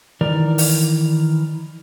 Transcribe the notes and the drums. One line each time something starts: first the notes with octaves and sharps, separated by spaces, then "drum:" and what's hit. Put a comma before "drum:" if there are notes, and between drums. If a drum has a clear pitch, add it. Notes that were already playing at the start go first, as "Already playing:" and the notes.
D#3 E3 A#4 D5
drum: open hi-hat